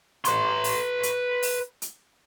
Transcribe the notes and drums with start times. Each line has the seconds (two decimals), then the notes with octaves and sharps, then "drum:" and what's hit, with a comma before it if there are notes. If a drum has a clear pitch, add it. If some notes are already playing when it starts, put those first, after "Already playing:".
0.25 B4 C6, drum: hi-hat
0.64 drum: open hi-hat
1.03 drum: hi-hat
1.42 drum: open hi-hat
1.82 drum: hi-hat